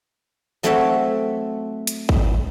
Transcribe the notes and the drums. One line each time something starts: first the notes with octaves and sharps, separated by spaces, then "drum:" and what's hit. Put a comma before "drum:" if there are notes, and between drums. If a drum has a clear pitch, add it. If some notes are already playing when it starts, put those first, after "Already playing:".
F#3 A3 C4 A4 C#5 E5
drum: hi-hat
drum: kick G#1